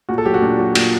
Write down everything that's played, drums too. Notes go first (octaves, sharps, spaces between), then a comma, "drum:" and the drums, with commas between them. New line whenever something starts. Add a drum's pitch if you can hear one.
A#2 F#4
A4
F#3 G4
F#4
A#2 D4
F#3
A#2, drum: cymbal